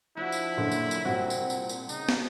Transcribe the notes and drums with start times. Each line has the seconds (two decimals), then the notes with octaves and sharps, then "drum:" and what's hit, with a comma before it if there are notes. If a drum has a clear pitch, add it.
0.17 F3 D4 E4 F#4
0.32 drum: tambourine
0.57 F#1 A#2 D3
0.72 drum: tambourine
0.91 drum: tambourine
1.05 C2 A#2 C4 F#4
1.30 drum: tambourine
1.50 drum: tambourine
1.69 drum: tambourine
1.89 C#3 D#4, drum: tambourine
2.09 drum: snare